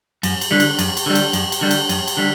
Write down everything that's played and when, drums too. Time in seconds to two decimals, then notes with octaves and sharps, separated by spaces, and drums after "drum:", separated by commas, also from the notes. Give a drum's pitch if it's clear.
0.23 F#2, drum: cymbal
0.41 drum: cymbal
0.51 D3 G3
0.60 drum: cymbal
0.79 F#2, drum: cymbal
0.97 drum: cymbal
1.06 D3 G3
1.15 drum: cymbal
1.33 F#2, drum: cymbal
1.52 drum: cymbal
1.61 D3 G3
1.71 drum: cymbal
1.89 F#2, drum: cymbal
2.08 drum: cymbal
2.17 D3 G3